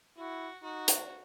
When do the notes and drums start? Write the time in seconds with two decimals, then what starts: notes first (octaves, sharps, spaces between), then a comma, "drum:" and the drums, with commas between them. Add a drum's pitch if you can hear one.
0.18 E4 F#4
0.63 D#4 F#4
0.88 drum: hi-hat